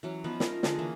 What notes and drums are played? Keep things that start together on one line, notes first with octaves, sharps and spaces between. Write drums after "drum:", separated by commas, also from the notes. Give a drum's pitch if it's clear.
E3 F#3 C#4
F3 B3 D#4 B4
F3 C#4 F4 A#4, drum: snare
D3 D4 D#4 G#4, drum: snare
E3 A#3 C#4